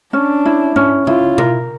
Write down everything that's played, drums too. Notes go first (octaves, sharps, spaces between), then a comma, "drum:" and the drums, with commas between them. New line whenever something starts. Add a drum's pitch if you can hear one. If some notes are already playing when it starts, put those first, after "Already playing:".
C#4 D4
E4
C#4, drum: tom G#2
E4 F4, drum: tom C#3
A#4, drum: tom B2